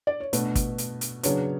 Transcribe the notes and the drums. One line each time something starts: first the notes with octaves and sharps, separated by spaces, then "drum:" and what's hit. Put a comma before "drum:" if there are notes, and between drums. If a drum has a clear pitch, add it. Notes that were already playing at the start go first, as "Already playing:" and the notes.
D5
C#5
B2 A3 D4 B4, drum: hi-hat
drum: kick, hi-hat
drum: hi-hat
drum: hi-hat
C#3 F#3 B3 D4 C#5, drum: hi-hat